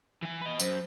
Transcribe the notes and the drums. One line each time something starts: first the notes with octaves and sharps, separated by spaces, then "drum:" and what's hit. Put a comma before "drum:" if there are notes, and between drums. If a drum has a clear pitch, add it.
E3 G#5
B4 D#5
F#2 C5, drum: tambourine